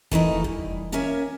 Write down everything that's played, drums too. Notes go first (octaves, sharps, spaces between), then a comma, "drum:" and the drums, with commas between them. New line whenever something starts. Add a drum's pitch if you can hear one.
E3 A3 A#3 D#4, drum: kick E1
G2, drum: kick E1
A#3 C#4 A#4 E5 G#5